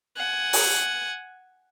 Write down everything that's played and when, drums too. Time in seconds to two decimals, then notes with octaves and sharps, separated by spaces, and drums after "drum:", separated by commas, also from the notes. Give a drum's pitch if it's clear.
0.17 F#5 G#5
0.53 drum: open hi-hat